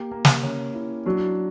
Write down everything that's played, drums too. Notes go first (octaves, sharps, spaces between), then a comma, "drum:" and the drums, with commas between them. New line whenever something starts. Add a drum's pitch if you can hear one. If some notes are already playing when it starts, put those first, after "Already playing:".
Already playing: A#3 G4
A#3
drum: snare
C#4
E4
F#3 D4